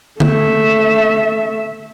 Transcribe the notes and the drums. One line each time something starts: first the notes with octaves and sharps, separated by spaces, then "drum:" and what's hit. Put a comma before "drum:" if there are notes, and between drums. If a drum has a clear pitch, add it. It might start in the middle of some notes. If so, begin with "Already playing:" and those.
A3 E5, drum: tom D3